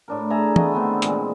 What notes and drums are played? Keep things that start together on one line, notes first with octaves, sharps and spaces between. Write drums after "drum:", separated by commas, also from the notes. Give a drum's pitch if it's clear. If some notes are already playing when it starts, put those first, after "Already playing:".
A2 D4 A#4
G#4 A4 E5 A#5
A3 B3 D#5, drum: tom
D3 D#3 B3 C4
A#2 E3 G#3, drum: hi-hat